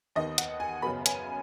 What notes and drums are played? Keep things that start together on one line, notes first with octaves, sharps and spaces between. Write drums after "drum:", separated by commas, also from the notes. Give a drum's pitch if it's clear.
D#2 D#3 B3 D#5
F#5, drum: hi-hat
G#5
F#2 C#3 F#3 B3 B5
G#5, drum: hi-hat